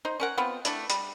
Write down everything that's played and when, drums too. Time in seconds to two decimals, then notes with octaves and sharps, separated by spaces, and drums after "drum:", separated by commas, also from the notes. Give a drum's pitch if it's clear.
0.05 D#4 C5
0.20 C#4 A#4 F#5
0.38 B3 C4 F4
0.65 A3 D4 E4, drum: hi-hat
0.90 G3, drum: hi-hat